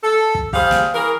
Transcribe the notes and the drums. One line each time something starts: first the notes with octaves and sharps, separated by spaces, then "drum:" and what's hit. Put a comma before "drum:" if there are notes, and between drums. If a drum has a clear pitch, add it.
A4
drum: kick
G3 G#4 C5 F5, drum: kick
drum: snare
E3 G#4 A#4